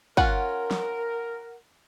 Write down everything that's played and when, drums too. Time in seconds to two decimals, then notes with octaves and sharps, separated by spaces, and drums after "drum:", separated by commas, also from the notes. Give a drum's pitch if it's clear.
0.17 C#4 F4 A#4 F#5, drum: kick
0.71 drum: snare